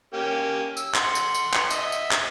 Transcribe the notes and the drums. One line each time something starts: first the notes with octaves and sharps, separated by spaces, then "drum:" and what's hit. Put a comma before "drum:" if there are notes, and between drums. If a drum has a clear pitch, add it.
A#3 C#4 G4
E6, drum: tambourine
F#5 C6, drum: clap
drum: tambourine
drum: tambourine
drum: clap
D#5 E5, drum: tambourine
drum: tambourine
drum: clap